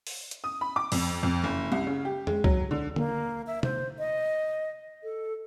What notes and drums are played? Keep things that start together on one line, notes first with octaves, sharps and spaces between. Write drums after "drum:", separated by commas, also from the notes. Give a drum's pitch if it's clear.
drum: open hi-hat
drum: hi-hat
D#6
B5
D6
F2, drum: open hi-hat
F2
F#1
C2
C#3
G4
G#3, drum: tom F2
F#3, drum: kick C2
D3
A#3, drum: tom
E5
C5, drum: tom C3
D#5
A4